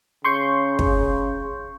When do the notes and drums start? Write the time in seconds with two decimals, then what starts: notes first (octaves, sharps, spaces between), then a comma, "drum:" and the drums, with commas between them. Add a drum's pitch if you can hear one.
0.24 C#3 C6 C#6 G6
0.79 drum: kick